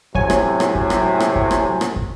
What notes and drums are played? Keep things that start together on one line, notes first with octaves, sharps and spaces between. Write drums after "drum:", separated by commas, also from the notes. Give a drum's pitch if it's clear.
A2 C3 F#3 C#5 G#5, drum: kick
drum: rim click
drum: rim click
drum: kick
drum: rim click
drum: rim click
drum: kick
drum: rim click
drum: rim click
drum: kick